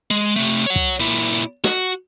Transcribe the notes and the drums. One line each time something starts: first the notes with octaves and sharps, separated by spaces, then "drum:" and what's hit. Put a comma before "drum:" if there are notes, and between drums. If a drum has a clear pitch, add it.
G#3
C3 A3
C#5 F#5
drum: kick
A#2 E4
F#4, drum: snare